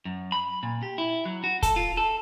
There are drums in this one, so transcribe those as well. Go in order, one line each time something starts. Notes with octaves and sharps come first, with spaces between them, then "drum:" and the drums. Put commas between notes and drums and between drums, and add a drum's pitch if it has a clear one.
F#2
B5
A#2
G4
E4
F#3
F#4
A4, drum: kick, hi-hat
F4
A4